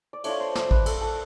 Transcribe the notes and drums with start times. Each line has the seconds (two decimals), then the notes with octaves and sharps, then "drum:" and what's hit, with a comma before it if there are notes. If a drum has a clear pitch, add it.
0.13 D5
0.24 A3 D4 F4 C#5, drum: cymbal
0.40 C5
0.55 drum: snare
0.71 B4, drum: kick A1
0.86 A4, drum: cymbal
1.01 A4